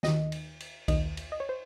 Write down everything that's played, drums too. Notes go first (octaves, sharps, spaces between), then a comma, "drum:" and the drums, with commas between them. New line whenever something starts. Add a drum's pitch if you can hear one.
D#2 D#3 D#5, drum: snare
drum: cymbal
drum: cymbal
D#2 D#3 D#5, drum: kick B1, cymbal
drum: cymbal
D#5
C#5
C5